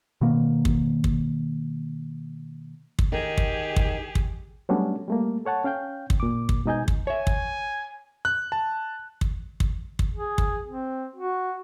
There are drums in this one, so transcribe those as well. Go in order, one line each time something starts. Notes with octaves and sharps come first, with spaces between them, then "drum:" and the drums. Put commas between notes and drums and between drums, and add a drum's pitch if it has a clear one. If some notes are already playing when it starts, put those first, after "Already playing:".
B2 D#3 A#3
drum: kick
drum: kick
drum: kick
D#3 G4 G#4
drum: kick
drum: kick
drum: kick
F#3 G3 A3 B3 C#4 D4
G3 A3 A#3
A4 C#5 F#5 A5
C#4 F5 G5 G6
drum: kick
A#2 D6
drum: kick
G#2 B2 D#4 D#5 G#5 G6
drum: kick
C#5 E5 G#5
drum: kick
F#6
A5
drum: kick
drum: kick
drum: kick
G#4
drum: kick
C4
F#4